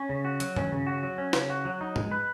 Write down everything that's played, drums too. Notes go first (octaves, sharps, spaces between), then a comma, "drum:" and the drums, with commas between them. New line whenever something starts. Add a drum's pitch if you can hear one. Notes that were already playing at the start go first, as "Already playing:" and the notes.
Already playing: C#4
C#3
F#4
F#3, drum: hi-hat
C#4, drum: tom G2
C#3
F#4
F#3
C#4
C#3, drum: snare
F#4
F#3
D#4
G#3, drum: tom G#2
B4